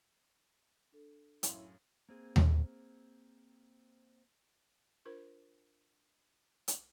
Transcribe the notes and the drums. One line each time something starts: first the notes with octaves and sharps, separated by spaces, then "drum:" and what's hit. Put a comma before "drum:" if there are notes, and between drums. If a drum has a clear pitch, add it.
D4 A4
F#2 A2 C#4 E4 F5 C6, drum: hi-hat
A#3 C4 G#4
drum: tom D#2
D4 F4 A#4 C5
drum: hi-hat